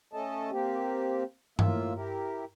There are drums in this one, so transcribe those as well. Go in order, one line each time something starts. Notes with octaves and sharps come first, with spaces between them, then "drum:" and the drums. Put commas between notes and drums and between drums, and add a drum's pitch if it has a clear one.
A3 C#4 A4 D#5 A5
A#3 C4 G4
A2 A#3 F4 E5, drum: tom G2
E4 G4 A#4